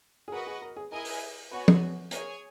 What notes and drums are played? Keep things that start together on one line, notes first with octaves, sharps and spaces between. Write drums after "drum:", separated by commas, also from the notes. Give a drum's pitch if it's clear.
G#4
F#4 A#4 B4 D#5 F#5
G#4
A#4
G#4
E4 G#4 A#4 D#5 G#5
drum: open hi-hat
B3 F#4 B4 C#5 G#5
drum: tom
G#4 A#4 C#5 G#5, drum: hi-hat